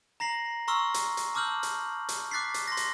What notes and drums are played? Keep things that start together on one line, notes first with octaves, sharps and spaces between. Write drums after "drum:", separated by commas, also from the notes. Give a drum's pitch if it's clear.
A#5 A#6 C7 F#7
A#5 C6 C#6 E6 F6
drum: hi-hat
drum: hi-hat
A5 D6 E6 F6 G6 F#7
drum: hi-hat
drum: hi-hat
D6 F#6 A6 B6 C7
drum: hi-hat
C6 A#6
drum: hi-hat